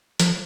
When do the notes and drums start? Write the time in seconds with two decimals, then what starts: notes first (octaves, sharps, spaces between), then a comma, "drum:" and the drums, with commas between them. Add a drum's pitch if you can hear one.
0.20 F3, drum: hi-hat